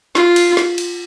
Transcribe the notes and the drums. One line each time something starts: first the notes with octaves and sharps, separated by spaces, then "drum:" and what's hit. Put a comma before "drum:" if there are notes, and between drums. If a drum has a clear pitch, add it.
F4, drum: snare
drum: cymbal
drum: snare
drum: cymbal